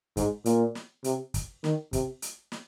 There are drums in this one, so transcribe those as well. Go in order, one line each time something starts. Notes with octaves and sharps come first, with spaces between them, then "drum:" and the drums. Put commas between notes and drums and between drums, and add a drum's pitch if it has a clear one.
G#2, drum: kick, hi-hat
A#2, drum: hi-hat
drum: snare
C3, drum: hi-hat
drum: kick, hi-hat
D#3, drum: snare
C3, drum: kick, hi-hat
drum: hi-hat
drum: snare